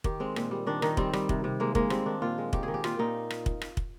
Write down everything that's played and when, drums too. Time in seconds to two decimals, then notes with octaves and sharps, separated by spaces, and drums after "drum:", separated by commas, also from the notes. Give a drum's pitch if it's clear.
0.04 D#3 G4, drum: kick
0.20 G#3 C4
0.36 A#2, drum: rim click
0.51 G3
0.67 D#3 D4
0.82 D#3 D#4, drum: rim click
0.97 G3 C4, drum: kick
1.13 G3, drum: rim click
1.29 C3, drum: kick
1.44 C3
1.60 G#3 A#3
1.75 G#3 A#3, drum: kick
1.90 G3 C4, drum: rim click
2.06 D#3 D4
2.22 A#2 F4
2.38 G#3
2.53 D#3 G4, drum: kick
2.63 D#3 G#4
2.74 G4
2.84 A#2 F4, drum: rim click
2.99 A#2 D#4
3.30 drum: rim click
3.46 drum: kick
3.62 drum: rim click
3.77 drum: kick